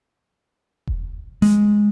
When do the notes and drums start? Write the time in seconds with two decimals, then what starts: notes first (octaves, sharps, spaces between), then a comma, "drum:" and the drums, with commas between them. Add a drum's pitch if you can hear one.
0.87 drum: kick E1
1.42 G#3, drum: snare